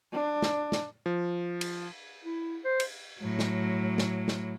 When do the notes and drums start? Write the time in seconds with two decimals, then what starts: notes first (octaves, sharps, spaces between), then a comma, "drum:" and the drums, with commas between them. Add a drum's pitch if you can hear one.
0.13 D4
0.42 drum: snare
0.72 drum: snare
1.06 F3
1.61 drum: cymbal
2.24 E4
2.65 C5
2.80 drum: cymbal
3.21 A2 F#3
3.39 drum: snare
3.98 drum: snare
4.28 drum: snare